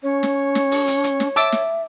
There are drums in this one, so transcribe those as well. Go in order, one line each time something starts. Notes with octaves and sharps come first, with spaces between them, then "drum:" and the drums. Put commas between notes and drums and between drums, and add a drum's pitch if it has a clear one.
C#4 C#5
drum: snare
drum: snare
drum: open hi-hat
drum: hi-hat
drum: hi-hat
drum: snare
E5 A5 D6 E6, drum: hi-hat
drum: snare